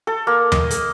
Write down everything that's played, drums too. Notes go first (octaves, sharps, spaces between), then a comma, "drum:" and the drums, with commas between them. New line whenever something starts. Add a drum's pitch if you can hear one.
A4
A#3
D#5, drum: tom D#2
drum: hi-hat